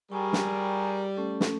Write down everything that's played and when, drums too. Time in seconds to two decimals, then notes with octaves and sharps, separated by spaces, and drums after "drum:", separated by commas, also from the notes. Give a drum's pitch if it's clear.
0.11 G3 G#4 A#4 G5 B5 C#6
0.33 drum: snare
1.17 A3 C#4 A4
1.41 drum: snare